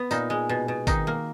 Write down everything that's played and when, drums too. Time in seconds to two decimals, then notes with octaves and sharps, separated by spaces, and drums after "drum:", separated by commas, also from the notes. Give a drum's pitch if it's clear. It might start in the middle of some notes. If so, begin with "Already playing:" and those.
Already playing: B3
0.11 A#2 D#4, drum: tambourine
0.30 G#3
0.49 B2
0.68 B2
0.87 D#3 D#4, drum: kick, tambourine
1.07 A#3